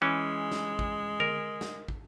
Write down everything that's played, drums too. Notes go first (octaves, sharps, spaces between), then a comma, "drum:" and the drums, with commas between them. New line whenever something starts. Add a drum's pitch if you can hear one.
E3 G#3 C#4
drum: snare
drum: kick
A#4, drum: tom D3
drum: snare
drum: kick